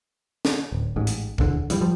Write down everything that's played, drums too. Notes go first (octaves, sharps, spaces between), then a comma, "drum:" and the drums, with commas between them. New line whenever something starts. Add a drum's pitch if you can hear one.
drum: snare
D1
A1 G#2
drum: hi-hat
D#1 B1 E2 D3, drum: kick C2
G2 E3 G3, drum: hi-hat
F3 G3